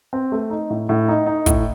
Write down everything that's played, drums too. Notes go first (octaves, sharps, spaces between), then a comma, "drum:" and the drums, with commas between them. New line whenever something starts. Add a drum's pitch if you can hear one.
C4
A3
D#4
A2
A2
D#4
D#4
A2, drum: kick, hi-hat